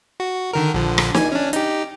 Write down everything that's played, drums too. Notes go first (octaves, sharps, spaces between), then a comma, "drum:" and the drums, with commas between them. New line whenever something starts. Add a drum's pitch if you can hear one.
F#4
D3 D#3 A#4
A#1 D3 F3
drum: rim click
G#5, drum: snare
C#4 D4
D#4 G4, drum: hi-hat